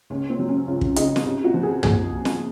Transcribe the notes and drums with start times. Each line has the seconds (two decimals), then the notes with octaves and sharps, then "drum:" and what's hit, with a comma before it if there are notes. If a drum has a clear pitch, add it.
0.10 C#2 C#4
0.30 C4
0.39 F#3
0.48 C#4
0.68 C#2 F4
0.81 drum: kick
0.96 C#3 D#4, drum: hi-hat
1.16 drum: snare
1.25 C2
1.44 F#4
1.54 F3
1.63 G#4
1.83 A#3 G#4, drum: tom
2.25 drum: snare